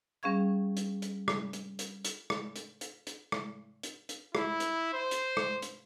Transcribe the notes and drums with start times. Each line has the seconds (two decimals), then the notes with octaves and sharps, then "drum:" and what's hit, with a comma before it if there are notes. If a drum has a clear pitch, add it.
0.23 G3 C#4 G#4 F5 C#6 G#6
0.77 drum: hi-hat
1.02 drum: hi-hat
1.28 drum: rim click
1.53 drum: hi-hat
1.79 drum: hi-hat
2.04 drum: hi-hat
2.30 drum: rim click
2.56 drum: hi-hat
2.81 drum: hi-hat
3.07 drum: hi-hat
3.32 drum: rim click
3.83 drum: hi-hat
4.09 drum: hi-hat
4.35 E4, drum: rim click
4.60 drum: hi-hat
4.93 C5
5.11 drum: hi-hat
5.37 drum: rim click
5.62 drum: hi-hat